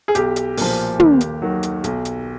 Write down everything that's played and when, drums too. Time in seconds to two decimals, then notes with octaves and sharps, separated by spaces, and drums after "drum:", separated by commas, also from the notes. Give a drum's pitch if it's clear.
0.08 G#4
0.15 B1 G4, drum: hi-hat
0.36 drum: hi-hat
0.57 A#2 F3, drum: open hi-hat
1.00 D#2, drum: tom
1.21 drum: hi-hat
1.42 D#3 F#3
1.63 drum: hi-hat
1.84 B1, drum: hi-hat
2.05 drum: hi-hat